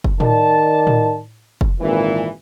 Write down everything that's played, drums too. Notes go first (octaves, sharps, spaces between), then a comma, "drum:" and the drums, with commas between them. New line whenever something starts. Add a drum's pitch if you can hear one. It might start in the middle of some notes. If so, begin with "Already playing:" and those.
drum: kick
D#3 D5 A5, drum: tom A2
drum: tom A2
drum: kick
G#1 A#2 E3